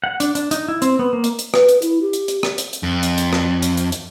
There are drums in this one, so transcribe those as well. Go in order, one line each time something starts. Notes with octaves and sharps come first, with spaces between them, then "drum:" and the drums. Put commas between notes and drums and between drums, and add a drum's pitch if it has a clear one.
F#5
D4, drum: hi-hat
D4, drum: hi-hat
D#4, drum: hi-hat
E4
C4, drum: hi-hat
B3
A#3
drum: hi-hat
drum: hi-hat
B4, drum: rim click
drum: hi-hat
E4, drum: hi-hat
G4
drum: hi-hat
drum: hi-hat
drum: rim click
drum: hi-hat
drum: hi-hat
F2
drum: hi-hat
drum: hi-hat
drum: rim click
drum: hi-hat
drum: hi-hat
drum: hi-hat